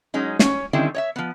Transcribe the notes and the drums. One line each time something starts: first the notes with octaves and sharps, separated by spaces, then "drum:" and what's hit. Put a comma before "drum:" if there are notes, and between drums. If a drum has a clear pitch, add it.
F#3 G#3 C#4 D#4
C#4 C#5, drum: snare
D3 D#3 G3 C4 C#4 E4
C#5 D#5 E5
F3 B3